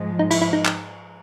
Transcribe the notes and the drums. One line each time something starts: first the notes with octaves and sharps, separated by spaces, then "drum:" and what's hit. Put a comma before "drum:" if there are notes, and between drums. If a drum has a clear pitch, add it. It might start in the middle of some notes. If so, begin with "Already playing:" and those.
Already playing: G#2 F3 G#3
D#4
E4, drum: cymbal
E4
D#4
drum: clap